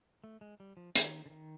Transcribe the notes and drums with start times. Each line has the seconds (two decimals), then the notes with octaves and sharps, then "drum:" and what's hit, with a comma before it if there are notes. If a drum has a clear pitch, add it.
0.24 A3
0.41 G#3
0.60 G3
0.77 F3
0.95 D#3, drum: hi-hat
1.26 D3
1.30 D#3